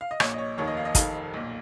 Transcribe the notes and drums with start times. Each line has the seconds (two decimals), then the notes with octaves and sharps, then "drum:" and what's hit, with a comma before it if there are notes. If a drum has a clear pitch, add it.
0.01 F5
0.11 D#5
0.20 A#1 A#2 C#5, drum: rim click
0.34 D#5
0.38 C#5
0.58 F1 D#2 D#3 C#5
0.67 D#5
0.77 F5
0.85 D#5
0.95 F1 F2 D#3 F5, drum: kick, hi-hat
1.34 B1 A#2